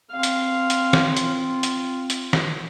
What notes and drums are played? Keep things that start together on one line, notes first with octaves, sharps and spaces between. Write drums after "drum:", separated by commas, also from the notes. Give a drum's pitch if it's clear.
C4 F5
drum: hi-hat
drum: hi-hat
drum: snare
F4, drum: hi-hat
drum: hi-hat
drum: hi-hat
drum: snare